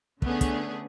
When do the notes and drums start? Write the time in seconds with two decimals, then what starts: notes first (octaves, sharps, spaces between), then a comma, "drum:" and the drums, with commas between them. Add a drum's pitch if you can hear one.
0.22 D3 A3 B3 C#4 D4 G#4, drum: kick
0.41 drum: kick, hi-hat